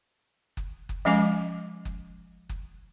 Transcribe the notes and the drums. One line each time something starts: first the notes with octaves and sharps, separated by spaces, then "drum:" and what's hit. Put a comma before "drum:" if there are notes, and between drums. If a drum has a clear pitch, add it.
drum: kick F#1
drum: kick F#1
F3 G#3 C#4 D#5 G#5 D6
drum: kick F#1
drum: kick F#1